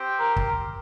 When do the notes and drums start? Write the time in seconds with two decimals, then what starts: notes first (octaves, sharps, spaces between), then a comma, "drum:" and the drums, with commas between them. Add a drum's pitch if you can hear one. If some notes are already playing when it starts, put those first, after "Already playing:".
Already playing: C4 G4 C5 G5
0.20 A#4
0.36 drum: kick